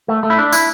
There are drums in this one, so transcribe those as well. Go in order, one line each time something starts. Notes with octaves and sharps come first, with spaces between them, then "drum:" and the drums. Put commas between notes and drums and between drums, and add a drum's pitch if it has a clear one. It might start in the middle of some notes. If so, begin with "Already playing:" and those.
A3
A3
E4
D4
E4, drum: tambourine